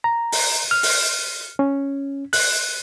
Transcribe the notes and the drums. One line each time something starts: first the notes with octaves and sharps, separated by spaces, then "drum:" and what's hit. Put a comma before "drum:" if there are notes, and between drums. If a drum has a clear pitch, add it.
A#5
drum: open hi-hat
F6
drum: open hi-hat
C#4
F#6, drum: open hi-hat